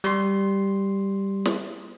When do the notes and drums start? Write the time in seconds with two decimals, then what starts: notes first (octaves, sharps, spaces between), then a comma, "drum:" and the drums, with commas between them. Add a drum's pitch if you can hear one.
0.04 G3 C6, drum: hi-hat
1.45 drum: snare